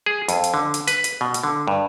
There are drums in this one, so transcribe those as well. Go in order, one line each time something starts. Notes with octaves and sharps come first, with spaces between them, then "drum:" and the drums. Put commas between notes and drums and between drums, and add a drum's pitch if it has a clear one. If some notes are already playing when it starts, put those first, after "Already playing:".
G#4
F2, drum: hi-hat
drum: hi-hat
D3
drum: hi-hat
B4, drum: hi-hat
drum: hi-hat
B2
drum: hi-hat
D3
G2